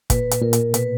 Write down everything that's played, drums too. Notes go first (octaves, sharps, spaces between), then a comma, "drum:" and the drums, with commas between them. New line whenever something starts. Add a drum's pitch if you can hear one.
A#2 B4, drum: kick, hi-hat
drum: hi-hat
A#2 A#4
drum: hi-hat
B2 B4, drum: hi-hat